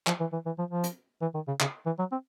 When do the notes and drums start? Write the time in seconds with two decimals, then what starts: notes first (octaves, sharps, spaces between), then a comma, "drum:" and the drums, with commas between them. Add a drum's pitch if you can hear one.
0.07 F3, drum: clap
0.20 E3
0.33 E3
0.46 E3
0.58 F3
0.71 F3
0.84 drum: hi-hat
1.22 E3
1.34 D#3
1.48 C#3
1.60 C#3, drum: clap
1.86 E3
1.99 F#3
2.12 C4